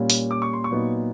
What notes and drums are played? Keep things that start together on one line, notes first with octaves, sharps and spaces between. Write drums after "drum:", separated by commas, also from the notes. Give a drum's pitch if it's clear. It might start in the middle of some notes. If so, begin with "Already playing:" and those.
Already playing: A#2 G3 A#3 C#4
drum: open hi-hat
D6
C#6
C6
C#6
A#2 F#3 B3 D#4